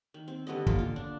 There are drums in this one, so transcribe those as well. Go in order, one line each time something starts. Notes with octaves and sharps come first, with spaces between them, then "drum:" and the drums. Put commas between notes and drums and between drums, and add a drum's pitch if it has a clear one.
D#3
C4
D3 G3 B3 D#5
A#3 F4 A4, drum: kick
F4
D4